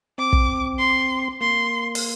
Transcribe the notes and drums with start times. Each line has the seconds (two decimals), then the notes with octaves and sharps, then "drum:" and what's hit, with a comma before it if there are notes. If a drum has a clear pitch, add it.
0.18 C4 D6
0.33 drum: kick
0.79 C6
1.41 A#3 C6
1.95 drum: open hi-hat